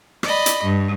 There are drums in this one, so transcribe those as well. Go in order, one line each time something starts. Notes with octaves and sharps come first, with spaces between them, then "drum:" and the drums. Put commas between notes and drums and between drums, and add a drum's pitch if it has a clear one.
D5 D#5 B5, drum: rim click
drum: hi-hat
G2